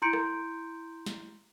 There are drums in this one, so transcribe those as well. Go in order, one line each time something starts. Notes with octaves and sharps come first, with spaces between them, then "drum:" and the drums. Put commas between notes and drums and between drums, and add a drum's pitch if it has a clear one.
E4 A#5 C6 G6 C#7 D7
drum: rim click
drum: snare